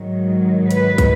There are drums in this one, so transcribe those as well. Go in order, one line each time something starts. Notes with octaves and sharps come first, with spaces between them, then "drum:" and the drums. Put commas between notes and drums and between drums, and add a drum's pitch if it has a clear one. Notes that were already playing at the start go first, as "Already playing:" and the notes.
Already playing: G#2 D#3 F#3
B4, drum: hi-hat
drum: kick, hi-hat